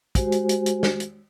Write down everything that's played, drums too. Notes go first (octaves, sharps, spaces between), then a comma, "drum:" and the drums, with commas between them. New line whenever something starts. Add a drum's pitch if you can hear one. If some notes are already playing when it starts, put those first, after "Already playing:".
G#3 F#4 G4 C5 G#5, drum: kick, hi-hat
drum: hi-hat
drum: hi-hat
drum: hi-hat
drum: snare
drum: hi-hat